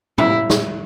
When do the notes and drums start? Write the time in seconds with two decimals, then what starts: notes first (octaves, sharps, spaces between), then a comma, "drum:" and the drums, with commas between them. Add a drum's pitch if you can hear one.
0.18 E4, drum: tom
0.50 drum: snare